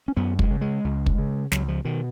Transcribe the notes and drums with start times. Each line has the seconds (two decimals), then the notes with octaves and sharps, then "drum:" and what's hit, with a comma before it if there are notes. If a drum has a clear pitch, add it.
0.08 C#4
0.17 F#2 B3
0.39 G#3, drum: kick
0.51 C#3
0.61 G#3
0.84 C#2
1.06 drum: kick
1.18 C#3
1.52 C#2 F#3, drum: snare
1.68 F3
1.85 B2 D#3